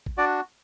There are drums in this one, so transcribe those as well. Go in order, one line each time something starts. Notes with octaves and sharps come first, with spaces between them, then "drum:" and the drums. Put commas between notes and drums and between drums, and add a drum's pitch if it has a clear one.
drum: kick A1
D4 F#4 D5